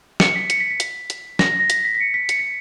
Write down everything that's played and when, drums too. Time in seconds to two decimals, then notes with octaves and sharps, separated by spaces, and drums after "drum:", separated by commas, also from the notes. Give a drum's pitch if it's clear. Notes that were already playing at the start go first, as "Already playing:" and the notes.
0.20 C#7, drum: snare
0.35 B6
0.50 C#7, drum: hi-hat
0.60 B6
0.71 B6
0.80 drum: hi-hat
1.10 drum: hi-hat
1.39 A#6, drum: snare
1.60 A#6
1.70 B6, drum: hi-hat
1.85 B6
1.95 B6
2.00 C#7
2.14 B6
2.29 C#7, drum: hi-hat
2.39 B6